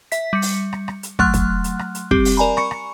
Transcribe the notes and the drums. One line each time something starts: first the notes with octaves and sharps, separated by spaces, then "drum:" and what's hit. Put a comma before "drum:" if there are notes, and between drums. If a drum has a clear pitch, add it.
E5 B6, drum: hi-hat
G3 C#7
drum: open hi-hat
drum: rim click
drum: rim click
drum: hi-hat
F#3 A3 F#5 C6 F6 F#6, drum: kick
drum: kick, hi-hat
drum: hi-hat
drum: rim click
drum: hi-hat
G3 C4 G4, drum: kick
drum: open hi-hat
A#4 D5 G#5 A#5 B5
B5 C#6 C#7, drum: rim click
drum: rim click